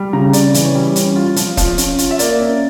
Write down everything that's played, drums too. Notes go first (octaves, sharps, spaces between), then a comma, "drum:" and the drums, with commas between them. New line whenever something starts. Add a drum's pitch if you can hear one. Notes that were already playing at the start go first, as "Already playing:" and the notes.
Already playing: G3
C#3 A#5
C#3 D5, drum: hi-hat
E3, drum: hi-hat
C#5
G3
C#4, drum: hi-hat
F4
F3, drum: hi-hat
F3, drum: kick E1, hi-hat
C#4, drum: hi-hat
F4, drum: hi-hat
E5
A#3 D5, drum: hi-hat
C#4